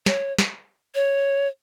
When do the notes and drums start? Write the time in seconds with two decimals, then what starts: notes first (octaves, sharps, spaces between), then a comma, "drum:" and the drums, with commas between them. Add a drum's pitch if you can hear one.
0.06 C#5, drum: snare
0.39 drum: snare
0.95 C#5